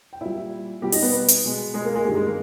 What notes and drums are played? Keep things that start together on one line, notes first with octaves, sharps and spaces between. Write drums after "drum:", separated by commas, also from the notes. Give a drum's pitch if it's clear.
G5
A#2 G3 E4 E5
B2 G3 G4 G5
D#4 D#5, drum: open hi-hat
B3 B4
drum: hi-hat
B2 G#3
G#3 G#4
A#3 A#4
G#3 G#4
G2 D#3 G#3 G4
G#3 G#4
A#3 A#4